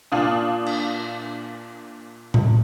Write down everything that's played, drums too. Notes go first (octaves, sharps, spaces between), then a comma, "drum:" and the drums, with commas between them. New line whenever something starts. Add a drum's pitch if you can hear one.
A#2 D4 F5 D#6
drum: cymbal
drum: tom A2